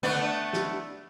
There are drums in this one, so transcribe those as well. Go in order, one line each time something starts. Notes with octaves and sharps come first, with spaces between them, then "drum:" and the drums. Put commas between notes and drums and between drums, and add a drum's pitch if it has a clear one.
A3 B3 D4
drum: snare